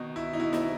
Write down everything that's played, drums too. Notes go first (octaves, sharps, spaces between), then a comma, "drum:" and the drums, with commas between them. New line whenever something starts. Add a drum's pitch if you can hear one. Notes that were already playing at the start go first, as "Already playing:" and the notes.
Already playing: B2 D#3
E4
D#4
B2 E4
E4, drum: snare